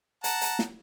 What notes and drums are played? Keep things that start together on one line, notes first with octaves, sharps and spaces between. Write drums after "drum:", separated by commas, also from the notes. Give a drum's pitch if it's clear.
F#5 A5 A#5, drum: hi-hat
drum: hi-hat
drum: snare